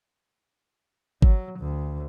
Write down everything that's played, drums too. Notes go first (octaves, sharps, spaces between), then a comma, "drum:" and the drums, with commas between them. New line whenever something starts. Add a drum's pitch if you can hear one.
F#3, drum: kick G#1
D2